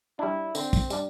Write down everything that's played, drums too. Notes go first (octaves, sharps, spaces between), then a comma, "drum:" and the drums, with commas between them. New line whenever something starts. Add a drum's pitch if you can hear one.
G3 D4 E4
D3 C4, drum: tambourine
drum: kick, tambourine
G3 D4, drum: tambourine